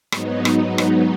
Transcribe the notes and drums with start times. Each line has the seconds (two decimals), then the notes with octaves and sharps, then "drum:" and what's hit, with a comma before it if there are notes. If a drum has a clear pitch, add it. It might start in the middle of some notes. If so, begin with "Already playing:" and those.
0.12 G#2 F#3 B3 D#4, drum: rim click
0.45 drum: rim click
0.78 drum: rim click